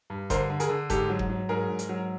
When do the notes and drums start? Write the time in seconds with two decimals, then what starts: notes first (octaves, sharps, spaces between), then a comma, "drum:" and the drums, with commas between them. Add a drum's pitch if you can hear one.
0.10 G2
0.30 D3 A#4 C5, drum: kick F#1, hi-hat
0.50 D3
0.60 G#4 A#4, drum: hi-hat
0.69 D3
0.90 G#2 G4 A4, drum: kick F#1, hi-hat
1.10 F#3
1.19 drum: kick F#1
1.30 F#3
1.49 G#2 G#4 A#4
1.68 G#2
1.79 drum: hi-hat
1.89 F#3